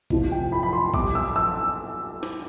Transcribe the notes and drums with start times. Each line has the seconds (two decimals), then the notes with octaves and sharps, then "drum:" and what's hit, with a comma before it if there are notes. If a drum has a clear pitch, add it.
0.10 F2 C3 F3 A3, drum: kick
0.32 G5
0.52 B5
0.63 B5
0.73 C6
0.94 B2 G3 D6, drum: kick
1.15 E6
1.36 E6
2.23 drum: snare